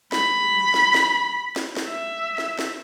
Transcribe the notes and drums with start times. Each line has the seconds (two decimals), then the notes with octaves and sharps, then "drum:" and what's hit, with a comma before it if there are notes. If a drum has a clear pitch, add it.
0.12 B5, drum: snare
0.74 drum: snare
0.94 drum: snare
1.56 drum: snare
1.77 drum: snare
1.88 E5
2.38 drum: snare
2.59 drum: snare